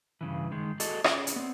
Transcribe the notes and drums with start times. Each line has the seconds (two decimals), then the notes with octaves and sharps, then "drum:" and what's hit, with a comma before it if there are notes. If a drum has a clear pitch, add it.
0.21 G2 C#3 E3
0.52 D#3 G#3
0.80 F#4 G#4 A4 D5 D#5, drum: hi-hat
1.04 C#4 G#4 D5, drum: rim click
1.27 drum: hi-hat
1.36 B3 C4